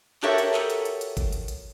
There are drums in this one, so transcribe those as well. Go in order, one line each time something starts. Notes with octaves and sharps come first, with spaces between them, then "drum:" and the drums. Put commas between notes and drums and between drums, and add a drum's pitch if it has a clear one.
F#4 G4 A4 A#4 C#5 E5, drum: clap
drum: hi-hat
drum: clap
drum: hi-hat
drum: hi-hat
drum: hi-hat
drum: kick, hi-hat
drum: hi-hat
drum: hi-hat